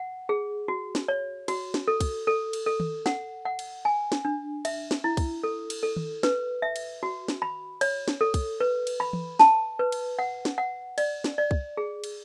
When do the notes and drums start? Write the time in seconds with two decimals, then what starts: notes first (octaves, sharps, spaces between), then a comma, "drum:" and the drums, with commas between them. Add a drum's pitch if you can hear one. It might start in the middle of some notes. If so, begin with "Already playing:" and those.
Already playing: F#5
0.29 G#4
0.68 F#4
0.95 drum: snare
1.08 C#5
1.48 F#4, drum: cymbal
1.74 drum: snare
1.88 A4
2.01 drum: kick, cymbal
2.27 A4
2.53 drum: cymbal
2.66 A4
2.80 drum: tom D#3
3.06 F#5, drum: snare
3.45 F#5
3.59 drum: cymbal
3.85 G#5
4.12 drum: snare
4.25 D4
4.65 E5, drum: cymbal
4.91 drum: snare
5.04 E4
5.17 drum: kick, cymbal
5.43 A4
5.70 drum: cymbal
5.83 A4
5.96 drum: tom D#3
6.23 B4, drum: snare
6.62 E5
6.76 drum: cymbal
7.03 F#4
7.28 drum: snare
7.42 B5
7.81 C#5, drum: cymbal
8.08 drum: snare
8.21 A4
8.34 drum: kick, cymbal
8.60 B4
8.87 drum: cymbal
9.00 B5
9.13 drum: tom E3
9.39 A5, drum: snare
9.79 B4
9.92 drum: cymbal
10.19 F#5
10.45 drum: snare
10.58 F#5
10.98 D5, drum: cymbal
11.24 drum: snare
11.38 D5
11.51 drum: kick
11.77 G#4
12.04 drum: cymbal